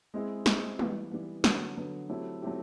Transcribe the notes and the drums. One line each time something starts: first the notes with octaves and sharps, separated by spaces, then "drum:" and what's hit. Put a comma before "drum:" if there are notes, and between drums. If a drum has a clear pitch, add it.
G#3 C4 E4 G#4
G#3 C4 E4 G#4, drum: snare
E3 G3 B3, drum: tom
E3 G3 B3
D3 F#3 B3, drum: snare
D3 F#3 B3
F#3 A3 C4 E4 G4
F#3 A3 C4 E4 G4